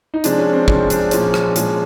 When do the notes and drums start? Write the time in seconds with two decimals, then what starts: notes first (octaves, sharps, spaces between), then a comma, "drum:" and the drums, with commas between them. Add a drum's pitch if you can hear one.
0.14 D#4
0.24 C3 F3 G#3 D4, drum: hi-hat
0.38 C#4
0.53 C4
0.68 C3 F3 G#3 C#4, drum: kick
0.90 D4, drum: hi-hat
1.11 A#2 F3 G#3 C#4, drum: hi-hat
1.34 drum: rim click
1.56 A#2 F3 G#3, drum: hi-hat